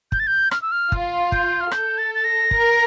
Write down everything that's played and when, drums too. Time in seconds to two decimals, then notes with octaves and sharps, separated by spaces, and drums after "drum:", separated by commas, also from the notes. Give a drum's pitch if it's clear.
0.12 G6, drum: kick
0.19 A6
0.27 G6
0.51 F6, drum: rim click
0.62 E6
0.72 F6
0.92 F4, drum: kick
1.32 G6, drum: kick
1.61 F6
1.71 A4 G6, drum: rim click
1.98 A6
2.15 A6
2.24 A#6
2.51 A#4, drum: kick